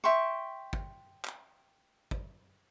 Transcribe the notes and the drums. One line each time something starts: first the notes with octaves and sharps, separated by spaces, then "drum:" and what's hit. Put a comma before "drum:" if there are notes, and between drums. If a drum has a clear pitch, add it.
E5 G5 C6 C#6
drum: kick
drum: clap
drum: kick